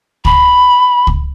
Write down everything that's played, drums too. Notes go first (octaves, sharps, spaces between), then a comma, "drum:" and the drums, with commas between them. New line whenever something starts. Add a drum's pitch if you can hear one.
B5, drum: kick C#2
drum: kick C#2